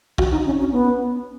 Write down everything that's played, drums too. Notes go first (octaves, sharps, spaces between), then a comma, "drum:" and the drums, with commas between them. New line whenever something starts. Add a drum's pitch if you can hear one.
F#4, drum: kick
D#4
C#4
C#4
B3